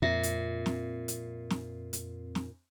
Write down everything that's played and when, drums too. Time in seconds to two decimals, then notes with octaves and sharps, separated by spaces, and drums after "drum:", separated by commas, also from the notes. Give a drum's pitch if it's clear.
0.02 F2 A#2 C4 F4 E5 A#6
0.23 drum: hi-hat
0.66 drum: snare
1.08 drum: hi-hat
1.50 drum: snare
1.93 drum: hi-hat
2.35 drum: snare